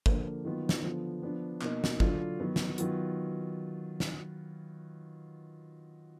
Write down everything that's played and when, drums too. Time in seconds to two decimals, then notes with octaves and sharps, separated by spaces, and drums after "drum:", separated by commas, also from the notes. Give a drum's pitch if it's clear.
0.06 D3 F3 A#3, drum: kick G1
0.45 D#3 F#3 B3 F4
0.69 drum: snare
0.83 D3 F3 B3 F4
1.22 F3 B3 D4 F4
1.61 B2 A#3 D#4, drum: clap
1.84 drum: snare
2.00 D3 F#3 D4 F4, drum: kick G1
2.39 D#3 F#3 B3
2.56 drum: snare
2.78 D#3 F#3 B3 F4, drum: hi-hat
4.00 drum: snare